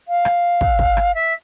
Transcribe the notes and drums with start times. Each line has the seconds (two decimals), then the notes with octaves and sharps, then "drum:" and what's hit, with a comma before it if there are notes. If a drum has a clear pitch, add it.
0.08 F5
0.25 drum: rim click
0.61 drum: kick
0.79 drum: kick
0.97 drum: rim click
1.14 E5